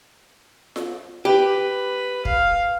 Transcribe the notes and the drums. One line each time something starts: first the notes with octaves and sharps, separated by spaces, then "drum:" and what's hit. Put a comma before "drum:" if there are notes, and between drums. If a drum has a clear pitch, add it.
drum: snare F4
G4 B4
F5, drum: kick